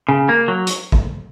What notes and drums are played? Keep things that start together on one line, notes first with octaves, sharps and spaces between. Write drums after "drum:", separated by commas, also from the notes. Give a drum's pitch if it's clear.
C#3
A#3
F#3
drum: hi-hat
drum: kick